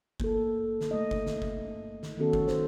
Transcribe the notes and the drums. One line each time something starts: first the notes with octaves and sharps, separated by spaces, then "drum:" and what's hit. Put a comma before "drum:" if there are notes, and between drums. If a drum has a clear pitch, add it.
A#3 A4, drum: kick G1
drum: snare
A3 D#5
drum: kick G1
drum: snare
drum: kick G1
drum: snare
D#3 A3 B3 C#4 F#4 A4
drum: kick G1
C5, drum: snare